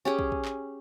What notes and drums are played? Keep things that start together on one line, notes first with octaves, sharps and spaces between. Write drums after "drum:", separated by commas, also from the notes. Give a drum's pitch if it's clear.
C#4 G4 G#4
drum: kick
drum: kick
drum: clap